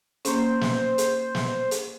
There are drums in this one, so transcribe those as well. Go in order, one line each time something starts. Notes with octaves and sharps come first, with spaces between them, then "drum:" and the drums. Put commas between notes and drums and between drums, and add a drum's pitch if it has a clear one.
A#3 C#4 C5, drum: hi-hat
drum: snare
drum: hi-hat
drum: snare
drum: hi-hat